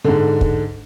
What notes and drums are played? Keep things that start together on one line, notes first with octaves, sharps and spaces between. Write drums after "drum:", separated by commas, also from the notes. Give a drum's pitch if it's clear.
G#2 D3
drum: kick